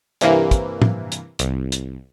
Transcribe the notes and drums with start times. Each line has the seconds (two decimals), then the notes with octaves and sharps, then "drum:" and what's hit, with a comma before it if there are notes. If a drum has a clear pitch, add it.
0.21 G2 C3 E3 A#3, drum: hi-hat
0.51 drum: kick, hi-hat
0.82 drum: tom A2
1.12 drum: hi-hat
1.39 C2, drum: hi-hat
1.72 drum: hi-hat